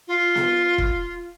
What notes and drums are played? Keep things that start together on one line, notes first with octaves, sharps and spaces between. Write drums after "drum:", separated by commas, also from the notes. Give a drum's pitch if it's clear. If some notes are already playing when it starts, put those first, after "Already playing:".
F4
drum: snare B3
drum: kick